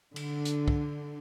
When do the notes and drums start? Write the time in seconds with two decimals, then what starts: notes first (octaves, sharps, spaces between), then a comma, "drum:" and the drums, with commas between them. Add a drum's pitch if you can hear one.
0.16 D3, drum: cymbal
0.45 drum: hi-hat
0.68 drum: kick